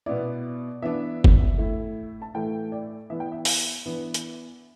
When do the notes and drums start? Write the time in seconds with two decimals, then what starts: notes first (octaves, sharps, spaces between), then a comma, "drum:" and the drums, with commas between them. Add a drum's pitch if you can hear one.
0.06 B2 B3 E4 D5
0.82 E3 B3 D4 E5
1.24 drum: kick G1
1.58 A2 A3 E4
2.22 A5
2.34 A2 E3 A3 G5
2.72 D5
3.10 E3 B3 E4 E5
3.20 G5
3.32 E5
3.45 drum: open hi-hat
3.86 E3 B3 D4
4.14 drum: hi-hat